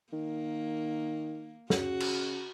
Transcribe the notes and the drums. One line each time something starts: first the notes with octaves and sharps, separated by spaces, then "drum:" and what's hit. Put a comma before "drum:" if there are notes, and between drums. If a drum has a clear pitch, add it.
D#3 A#3
C#3 F#4, drum: snare
drum: cymbal